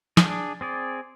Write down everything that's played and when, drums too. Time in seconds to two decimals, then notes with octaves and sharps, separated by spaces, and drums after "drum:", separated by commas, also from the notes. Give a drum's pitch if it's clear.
0.17 D4 G#4, drum: snare
0.61 C4 G#4 D5